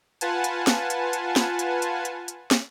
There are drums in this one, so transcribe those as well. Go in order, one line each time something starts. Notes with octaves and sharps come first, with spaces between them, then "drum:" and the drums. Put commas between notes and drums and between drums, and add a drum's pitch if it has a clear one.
F4 B4 F#5 G#5 A5, drum: hi-hat
drum: hi-hat
drum: snare
drum: hi-hat
drum: hi-hat
drum: snare
drum: hi-hat
drum: hi-hat
drum: hi-hat
drum: hi-hat
drum: snare